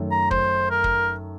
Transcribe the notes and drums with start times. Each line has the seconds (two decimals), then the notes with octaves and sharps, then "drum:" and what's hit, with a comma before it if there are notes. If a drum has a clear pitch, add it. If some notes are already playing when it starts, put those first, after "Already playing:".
Already playing: F#2 D#3 A3
0.11 A#5
0.31 C5, drum: kick
0.70 A#4
0.84 drum: kick